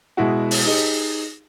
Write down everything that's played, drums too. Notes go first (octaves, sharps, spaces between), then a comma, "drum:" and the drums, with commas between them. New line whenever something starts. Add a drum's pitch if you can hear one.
B2 G#3 E4 F#4
drum: open hi-hat
D#4 G4 G#4 D#5